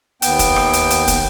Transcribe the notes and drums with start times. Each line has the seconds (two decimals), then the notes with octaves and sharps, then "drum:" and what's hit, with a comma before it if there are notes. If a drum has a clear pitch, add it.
0.22 D#2 B3 G5, drum: hi-hat
0.39 drum: kick, hi-hat
0.56 drum: rim click
0.73 drum: hi-hat
0.90 drum: hi-hat
1.07 drum: kick, hi-hat